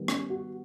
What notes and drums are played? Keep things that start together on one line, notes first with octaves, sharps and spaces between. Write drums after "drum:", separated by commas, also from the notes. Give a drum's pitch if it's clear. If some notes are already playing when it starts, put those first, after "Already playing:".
Already playing: D#3 G3 B3
C#4, drum: rim click
F#4